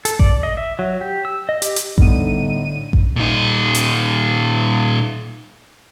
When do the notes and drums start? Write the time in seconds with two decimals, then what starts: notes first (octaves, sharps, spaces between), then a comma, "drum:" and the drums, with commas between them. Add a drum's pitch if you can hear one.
0.05 A4, drum: hi-hat
0.19 D5, drum: kick A1
0.43 D#5
0.57 E5
0.79 F#3
1.01 G4
1.25 E6
1.49 D#5
1.62 G4, drum: hi-hat
1.76 drum: hi-hat
1.98 A2 D3 G3 B3 D#4 D#7, drum: kick A1
2.93 drum: kick A1
3.16 A#2 D#4
3.75 drum: hi-hat